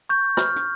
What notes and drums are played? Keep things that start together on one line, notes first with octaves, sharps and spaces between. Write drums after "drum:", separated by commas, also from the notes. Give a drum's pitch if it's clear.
C#6 G6
F6, drum: rim click
drum: hi-hat